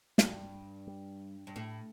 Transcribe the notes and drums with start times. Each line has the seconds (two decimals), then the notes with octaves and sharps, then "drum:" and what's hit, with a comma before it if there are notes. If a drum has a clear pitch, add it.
0.18 G2, drum: snare
0.87 G3
1.47 G2
1.56 A2 A3